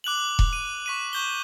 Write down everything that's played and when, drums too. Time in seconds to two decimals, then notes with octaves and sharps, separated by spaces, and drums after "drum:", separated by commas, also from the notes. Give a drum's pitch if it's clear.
0.04 D6 F#6 F7 F#7
0.39 drum: kick E1
0.53 D#7
0.86 C#6 B6 D#7
1.13 C#6 G6 G7